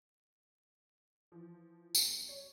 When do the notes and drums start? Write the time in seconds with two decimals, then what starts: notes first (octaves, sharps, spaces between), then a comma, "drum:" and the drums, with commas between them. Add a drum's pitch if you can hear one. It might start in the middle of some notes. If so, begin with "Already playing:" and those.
1.32 E3 F3
1.95 B1, drum: tambourine
2.29 C#5